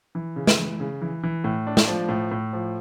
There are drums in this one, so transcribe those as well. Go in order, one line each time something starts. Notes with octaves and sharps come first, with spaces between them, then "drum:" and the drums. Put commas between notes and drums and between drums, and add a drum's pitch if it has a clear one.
E3
C#3
drum: snare
E3
C#3
E3
E3
A2
D4
drum: snare
F3
A2
A2
F3